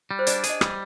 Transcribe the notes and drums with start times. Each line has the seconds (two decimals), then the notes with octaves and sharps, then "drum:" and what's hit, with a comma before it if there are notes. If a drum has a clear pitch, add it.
0.11 G3
0.19 C5
0.27 D4 D5, drum: hi-hat
0.44 G#4, drum: hi-hat
0.50 D#5
0.61 G3, drum: rim click